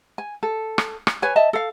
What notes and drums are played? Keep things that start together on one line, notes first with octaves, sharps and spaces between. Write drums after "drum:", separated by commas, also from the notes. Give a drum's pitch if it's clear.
G#5
A4
drum: rim click
drum: rim click
B4 C#5 G#5
D#5 E5 A5
A4 F5